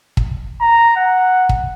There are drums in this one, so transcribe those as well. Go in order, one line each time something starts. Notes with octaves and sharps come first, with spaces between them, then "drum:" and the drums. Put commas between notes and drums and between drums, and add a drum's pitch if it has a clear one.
drum: kick
A#5
F#5
drum: kick